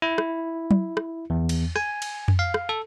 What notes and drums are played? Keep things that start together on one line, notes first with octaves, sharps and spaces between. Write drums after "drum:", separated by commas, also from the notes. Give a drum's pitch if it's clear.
E4
drum: rim click
drum: tom F#3
drum: rim click
E2
drum: cymbal
G#5, drum: rim click
drum: cymbal
drum: tom F2
F5
drum: rim click
A4